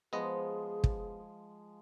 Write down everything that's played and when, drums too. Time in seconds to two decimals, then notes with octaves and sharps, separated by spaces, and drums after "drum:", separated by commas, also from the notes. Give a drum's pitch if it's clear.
0.13 F3 G#3 B3 G#4 D#5
0.84 drum: kick